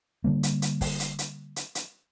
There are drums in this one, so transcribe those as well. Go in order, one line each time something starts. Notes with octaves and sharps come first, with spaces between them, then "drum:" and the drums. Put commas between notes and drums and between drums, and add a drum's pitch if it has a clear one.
D3 G3 A#3
drum: hi-hat
drum: hi-hat
drum: kick, open hi-hat
drum: hi-hat
drum: hi-hat
drum: hi-hat
drum: hi-hat